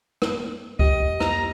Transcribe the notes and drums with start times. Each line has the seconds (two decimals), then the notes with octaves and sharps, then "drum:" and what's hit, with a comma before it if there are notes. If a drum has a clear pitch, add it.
0.22 drum: rim click
0.79 F2 G4 D#5, drum: kick C#2
1.20 A#5, drum: rim click